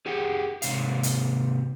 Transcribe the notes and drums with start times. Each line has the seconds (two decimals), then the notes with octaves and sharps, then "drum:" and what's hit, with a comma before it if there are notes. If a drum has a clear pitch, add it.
0.06 G4 G#4 F#5 G5
0.62 G#2 C3 F5, drum: hi-hat
1.03 drum: hi-hat